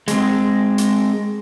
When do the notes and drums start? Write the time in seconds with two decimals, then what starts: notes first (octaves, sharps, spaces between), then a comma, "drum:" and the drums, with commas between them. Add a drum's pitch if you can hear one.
0.08 G#3 C4, drum: hi-hat
0.78 drum: hi-hat